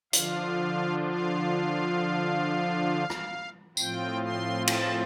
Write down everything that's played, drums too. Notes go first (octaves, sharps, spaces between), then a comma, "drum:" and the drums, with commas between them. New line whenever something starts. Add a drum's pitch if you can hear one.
D3 F3 D4 F4 F5, drum: hi-hat
F5
drum: rim click
A2 F3 C4 F4 G5, drum: tambourine
C6
A5, drum: cymbal